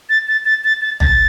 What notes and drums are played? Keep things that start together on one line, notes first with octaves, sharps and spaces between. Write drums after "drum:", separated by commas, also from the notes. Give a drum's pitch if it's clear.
A6
A6
A6
A6
A6
A6, drum: tom